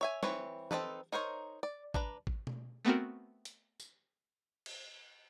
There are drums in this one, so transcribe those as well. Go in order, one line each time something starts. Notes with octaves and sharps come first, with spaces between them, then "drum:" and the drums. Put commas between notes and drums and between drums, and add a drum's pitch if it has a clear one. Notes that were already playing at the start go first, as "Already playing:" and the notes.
C#5 E5 G#5
E3 C4 B4 C#5, drum: snare
C4 D#4 A4 B4, drum: tom E3
D#4 A#4 C5 C#5
D5
D4 B4 A#5, drum: kick G#1
drum: kick G#1
drum: tom B2
A3 B3 C4 F#4 A#4
drum: hi-hat
drum: tambourine
drum: cymbal